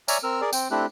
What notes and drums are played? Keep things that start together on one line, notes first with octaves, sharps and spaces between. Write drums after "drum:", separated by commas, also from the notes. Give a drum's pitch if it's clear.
C#5 D5 E5 G#5 A#5 F6, drum: tambourine
C4 A#4 E6 F6
G#4 A#4 D5
C4 G5, drum: tambourine
A3 C4 D4 E4 G4 F#6